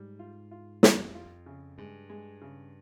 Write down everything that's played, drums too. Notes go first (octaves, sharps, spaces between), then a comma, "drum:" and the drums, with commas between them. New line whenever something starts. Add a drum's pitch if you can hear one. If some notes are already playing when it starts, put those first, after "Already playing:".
Already playing: G#2 G3
F4
F4
F2 G3, drum: snare
F4
C#3
G2 G#3
G#3
C#3